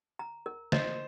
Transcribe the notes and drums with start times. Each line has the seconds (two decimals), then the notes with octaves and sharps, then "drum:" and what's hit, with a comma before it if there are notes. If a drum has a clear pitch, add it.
0.19 A#5
0.46 A#4
0.72 C5 D#5, drum: snare